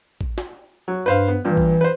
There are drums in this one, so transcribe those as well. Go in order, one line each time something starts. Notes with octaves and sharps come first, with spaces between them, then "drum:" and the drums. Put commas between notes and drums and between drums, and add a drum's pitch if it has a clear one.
drum: kick
drum: snare
F#3
G2 B4 C5 F5
B3
G2 A#2 E3
drum: kick
B4 C5